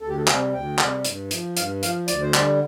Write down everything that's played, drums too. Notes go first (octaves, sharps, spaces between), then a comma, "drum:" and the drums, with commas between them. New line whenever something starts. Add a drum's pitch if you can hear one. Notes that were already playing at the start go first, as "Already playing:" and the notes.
D2 A4
G4
A4
C3 G3 C5, drum: clap
D2 G5
C3 G3, drum: clap
G2, drum: hi-hat
F3, drum: hi-hat
G2 F5, drum: hi-hat
F3 F5, drum: hi-hat
D2 D5, drum: hi-hat
C5
D3 G3 D5, drum: clap